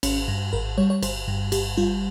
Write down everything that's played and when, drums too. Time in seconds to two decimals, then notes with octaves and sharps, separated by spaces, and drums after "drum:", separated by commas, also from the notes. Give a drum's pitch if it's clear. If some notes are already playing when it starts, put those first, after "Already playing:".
0.03 G#1 C#4, drum: cymbal
0.28 G2
0.53 G#1 A#4
0.78 G3 C#5
0.90 C#5
1.03 G1 C5, drum: cymbal
1.28 G2
1.52 G1 G4, drum: cymbal
1.77 G3 F4